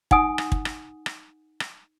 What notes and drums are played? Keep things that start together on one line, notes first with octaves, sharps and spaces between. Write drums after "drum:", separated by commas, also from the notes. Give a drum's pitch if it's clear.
D#4 F#5 G#5 D#6, drum: kick
drum: rim click
drum: kick
drum: rim click
drum: rim click
drum: rim click